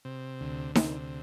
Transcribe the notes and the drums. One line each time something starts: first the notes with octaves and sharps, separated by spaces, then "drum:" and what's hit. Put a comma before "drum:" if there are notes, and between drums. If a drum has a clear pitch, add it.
C3
D2
C3, drum: snare D#4